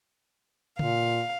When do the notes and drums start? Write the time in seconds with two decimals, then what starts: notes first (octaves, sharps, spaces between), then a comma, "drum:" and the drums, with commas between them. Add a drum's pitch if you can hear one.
0.79 A#2 F5, drum: tom C#3